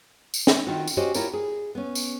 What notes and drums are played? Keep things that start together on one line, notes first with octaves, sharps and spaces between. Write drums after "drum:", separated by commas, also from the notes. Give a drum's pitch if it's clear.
drum: tambourine
drum: snare
D#3 C4 F4 F#4
drum: tambourine
C#4 F#4 G4 C5 C#5 D#5
E4 F4 G4 A#4 C#5 D5, drum: tambourine
G#4
B3 C#4
drum: tambourine